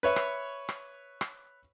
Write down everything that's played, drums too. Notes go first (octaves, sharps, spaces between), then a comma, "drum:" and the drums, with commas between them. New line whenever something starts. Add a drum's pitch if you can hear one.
B4 C#5 E5
drum: rim click
drum: rim click
drum: rim click